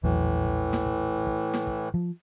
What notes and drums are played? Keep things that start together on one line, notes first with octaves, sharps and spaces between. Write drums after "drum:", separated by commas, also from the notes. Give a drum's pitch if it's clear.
A#1 E2 A2 E3 F#3
drum: kick
drum: snare
drum: kick
drum: kick
drum: snare
drum: kick
F3